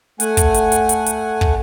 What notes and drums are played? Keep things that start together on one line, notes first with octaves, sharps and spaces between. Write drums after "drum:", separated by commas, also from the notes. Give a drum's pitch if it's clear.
A3 F#5 G#5, drum: hi-hat
drum: kick, hi-hat
drum: hi-hat
drum: hi-hat
drum: hi-hat
drum: hi-hat
drum: kick